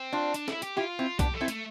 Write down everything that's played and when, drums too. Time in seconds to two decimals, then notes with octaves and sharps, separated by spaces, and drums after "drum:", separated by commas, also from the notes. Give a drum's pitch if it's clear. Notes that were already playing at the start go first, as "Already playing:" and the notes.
Already playing: C4
0.13 D4 F4
0.34 D4, drum: hi-hat
0.48 E4, drum: snare
0.62 G4, drum: hi-hat
0.77 E4 F4 G4
0.99 C4 E4
1.19 B3 D4 G4, drum: kick B1, hi-hat
1.34 A3
1.41 C4 E4
1.48 A3, drum: hi-hat